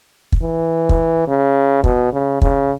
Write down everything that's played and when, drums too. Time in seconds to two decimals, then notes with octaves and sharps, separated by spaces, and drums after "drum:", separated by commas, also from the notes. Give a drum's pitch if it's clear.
0.32 drum: kick
0.42 E3
0.89 drum: kick
1.28 C#3
1.84 B2, drum: kick
2.13 C#3
2.42 C#3, drum: kick